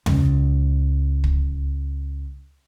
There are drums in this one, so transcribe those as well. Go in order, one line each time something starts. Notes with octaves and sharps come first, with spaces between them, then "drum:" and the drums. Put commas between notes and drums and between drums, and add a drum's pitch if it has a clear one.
C#2 G#3, drum: tom E2
drum: kick